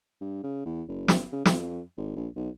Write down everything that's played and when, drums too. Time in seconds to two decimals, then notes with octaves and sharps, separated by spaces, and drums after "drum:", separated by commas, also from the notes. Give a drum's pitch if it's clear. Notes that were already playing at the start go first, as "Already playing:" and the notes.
0.21 G2
0.43 C#3
0.66 E2
0.88 F#1
1.08 drum: snare
1.33 C#3
1.45 F2, drum: snare
1.97 G#1
2.16 A#1
2.36 B1